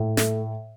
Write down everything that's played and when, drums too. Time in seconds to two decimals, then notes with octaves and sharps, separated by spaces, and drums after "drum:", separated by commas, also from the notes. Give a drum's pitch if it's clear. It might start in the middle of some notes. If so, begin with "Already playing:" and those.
Already playing: A2
0.17 A3, drum: snare